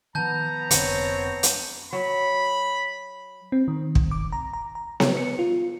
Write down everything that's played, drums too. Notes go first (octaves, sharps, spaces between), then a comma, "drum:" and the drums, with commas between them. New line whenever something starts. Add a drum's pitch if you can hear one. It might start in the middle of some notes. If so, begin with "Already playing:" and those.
D#3 F3 B3 A5 A#5 G6
F1 D3 C4 C#5 C#7, drum: hi-hat
drum: hi-hat
F#3 B5
C4
D#3
drum: kick
D6
A#5
A#5
A#5
C#5, drum: snare B3
C#7
F4